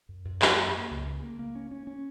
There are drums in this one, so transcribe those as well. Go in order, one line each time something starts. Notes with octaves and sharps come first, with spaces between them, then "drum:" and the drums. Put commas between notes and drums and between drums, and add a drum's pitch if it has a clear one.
F#2
F#2
F#2, drum: clap
A#3
A#3
C#2
C#3
A#3
A#3
C#4
C#4
C#4